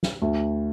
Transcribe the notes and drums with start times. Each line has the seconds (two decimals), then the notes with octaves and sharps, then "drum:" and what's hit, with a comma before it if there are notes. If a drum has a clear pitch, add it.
0.03 drum: snare
0.22 D2